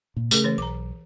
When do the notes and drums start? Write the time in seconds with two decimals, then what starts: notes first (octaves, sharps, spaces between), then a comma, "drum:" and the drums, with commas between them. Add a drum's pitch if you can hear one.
0.17 A#2
0.31 C#3 A3 G4 G#4 A#4, drum: tambourine
0.44 E3 C#5
0.58 B1 A#5 D6